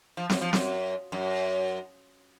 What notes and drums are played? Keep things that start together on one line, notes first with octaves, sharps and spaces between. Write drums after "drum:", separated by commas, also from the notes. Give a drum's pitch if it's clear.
F3
F#2, drum: snare
F3
F#2, drum: snare
F#2